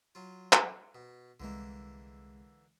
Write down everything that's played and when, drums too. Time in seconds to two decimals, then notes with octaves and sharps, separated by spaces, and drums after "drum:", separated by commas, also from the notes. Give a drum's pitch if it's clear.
0.15 F#3 F4
0.53 drum: clap
0.95 B2
1.40 C2 D3 E3 G#3 A#3